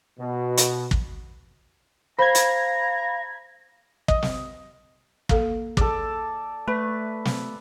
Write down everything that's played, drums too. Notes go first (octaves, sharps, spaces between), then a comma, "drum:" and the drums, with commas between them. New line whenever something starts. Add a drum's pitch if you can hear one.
B2
drum: hi-hat
drum: kick
C5 F5 A#5 B5 G#6
drum: hi-hat
D#5, drum: kick
drum: snare
A#3 A4 F5, drum: kick
G#4 A4 D5, drum: kick
A3 B4
drum: snare